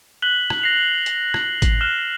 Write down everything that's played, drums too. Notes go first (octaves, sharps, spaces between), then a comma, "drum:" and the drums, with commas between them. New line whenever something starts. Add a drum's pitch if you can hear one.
F#6 B6 F#7 G7
drum: rim click
A#6 C7 F7
drum: hi-hat
drum: rim click
drum: kick G#1, hi-hat
F6 F#6 E7 G7